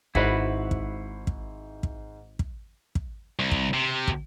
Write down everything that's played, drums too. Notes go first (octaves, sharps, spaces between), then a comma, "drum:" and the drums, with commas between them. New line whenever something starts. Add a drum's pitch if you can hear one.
G#1 G#2 E4 F#4 B4 C5 C7, drum: kick
drum: kick
drum: kick
drum: kick
drum: kick
drum: kick
C2
drum: kick
C3
drum: kick